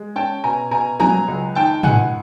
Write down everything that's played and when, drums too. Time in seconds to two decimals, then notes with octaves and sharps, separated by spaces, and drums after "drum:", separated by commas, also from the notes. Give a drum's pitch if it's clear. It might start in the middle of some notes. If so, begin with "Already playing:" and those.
Already playing: G#3
0.16 C#4 G5 A5
0.44 B2 G#5 A#5
0.71 B2 G#5 A#5
1.00 F#3 G#5 A#5, drum: tom
1.28 C#2
1.55 D#3 G5 A5
1.83 C#2 F#5 G#5, drum: tom